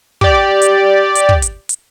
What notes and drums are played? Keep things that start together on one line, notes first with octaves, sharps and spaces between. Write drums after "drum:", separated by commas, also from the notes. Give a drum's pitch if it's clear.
G4 D5, drum: kick
drum: hi-hat
drum: hi-hat
drum: kick
drum: hi-hat
drum: hi-hat